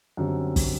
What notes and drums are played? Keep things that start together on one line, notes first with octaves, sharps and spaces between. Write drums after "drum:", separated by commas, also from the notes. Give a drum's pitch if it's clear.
F#2 D3 G3 C4
drum: kick, open hi-hat